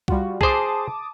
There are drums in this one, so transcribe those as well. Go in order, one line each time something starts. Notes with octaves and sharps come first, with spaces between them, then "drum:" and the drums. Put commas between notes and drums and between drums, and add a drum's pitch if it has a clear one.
G3 F4 F#4, drum: kick C2
G#4 C5 A5 D6 D#6, drum: kick C2